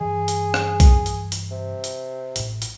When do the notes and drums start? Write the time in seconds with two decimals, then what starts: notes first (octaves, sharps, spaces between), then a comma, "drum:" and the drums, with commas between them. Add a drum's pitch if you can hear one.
0.01 G2 E3 G#4
0.28 drum: hi-hat
0.54 drum: rim click
0.80 drum: kick B1, hi-hat
1.06 drum: hi-hat
1.32 drum: hi-hat
1.51 C3
1.84 drum: hi-hat
2.36 A1 A2, drum: hi-hat
2.62 drum: hi-hat